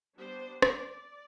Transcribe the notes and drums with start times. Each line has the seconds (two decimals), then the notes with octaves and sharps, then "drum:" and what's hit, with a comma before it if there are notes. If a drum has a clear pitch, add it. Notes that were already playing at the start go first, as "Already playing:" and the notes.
0.18 G3 B3 D4 C5
0.62 D5, drum: rim click